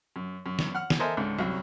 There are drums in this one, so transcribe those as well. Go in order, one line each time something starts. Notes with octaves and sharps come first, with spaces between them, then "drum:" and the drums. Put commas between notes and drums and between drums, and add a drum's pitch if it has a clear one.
F#2
F#2
drum: snare
F#5 F6
drum: snare
A4 A#4 C5 D#5 E5 G#5
C#2 G#2 D3
C2 F#2 F#3